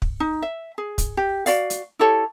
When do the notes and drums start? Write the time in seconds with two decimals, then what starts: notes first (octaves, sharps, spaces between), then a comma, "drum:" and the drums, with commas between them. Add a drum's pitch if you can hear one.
0.02 drum: kick
0.20 D#4
0.42 E5
0.78 G#4
0.98 drum: kick, hi-hat
1.17 G4
1.46 F#4 D5 F5, drum: open hi-hat
1.70 drum: hi-hat
1.99 E4 G4 A4 C#5